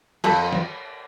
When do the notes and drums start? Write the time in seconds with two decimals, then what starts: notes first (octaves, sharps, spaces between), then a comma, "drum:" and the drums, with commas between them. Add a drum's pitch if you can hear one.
0.24 F2 A4, drum: cymbal
0.53 drum: snare